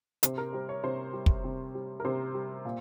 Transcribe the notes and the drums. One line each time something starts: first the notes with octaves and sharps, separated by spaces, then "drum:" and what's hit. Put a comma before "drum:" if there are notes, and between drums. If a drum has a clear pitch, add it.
C3 C5, drum: hi-hat
A#4
G3 C5
C#5
C3 C5
G3
drum: kick
C3
G3
A#4
C3 C5
G3
A#2